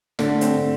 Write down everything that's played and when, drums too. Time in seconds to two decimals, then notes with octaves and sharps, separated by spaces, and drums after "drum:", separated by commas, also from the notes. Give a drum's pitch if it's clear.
0.19 D3 A3, drum: snare
0.41 C4, drum: hi-hat